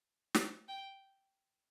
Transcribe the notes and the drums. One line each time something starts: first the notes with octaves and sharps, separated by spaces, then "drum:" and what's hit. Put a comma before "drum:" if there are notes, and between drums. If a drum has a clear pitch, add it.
drum: snare
G5